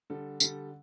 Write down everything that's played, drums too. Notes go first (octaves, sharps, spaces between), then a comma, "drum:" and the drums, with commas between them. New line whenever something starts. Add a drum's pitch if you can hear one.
D3 G3 A4
D3 G3 A4, drum: tambourine